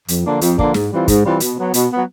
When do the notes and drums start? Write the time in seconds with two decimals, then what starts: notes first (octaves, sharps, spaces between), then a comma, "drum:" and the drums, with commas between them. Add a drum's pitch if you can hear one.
0.08 F2, drum: hi-hat
0.26 D3 F3 A#3 D4
0.41 F2, drum: hi-hat
0.59 D3 F3 A#3 D4, drum: kick
0.74 G#2, drum: snare
0.91 E3 G3 C4 F4
1.08 G#2, drum: kick, hi-hat
1.24 E3 G3 C4 F4
1.40 B2, drum: hi-hat
1.57 F#3 B3
1.74 B2, drum: hi-hat
1.90 F#3 B3